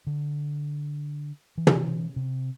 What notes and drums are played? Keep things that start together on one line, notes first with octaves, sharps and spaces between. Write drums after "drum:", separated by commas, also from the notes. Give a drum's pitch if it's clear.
D3
E3
drum: tom
C3